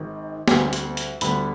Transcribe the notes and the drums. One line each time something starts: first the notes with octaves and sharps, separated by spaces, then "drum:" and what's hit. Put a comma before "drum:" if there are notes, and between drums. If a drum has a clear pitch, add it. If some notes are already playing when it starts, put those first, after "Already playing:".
Already playing: G#1 G#2 D#3
D2 D3 G3 C4 G#5, drum: snare
drum: hi-hat
drum: hi-hat
D2 D3 G3 B3 B5, drum: hi-hat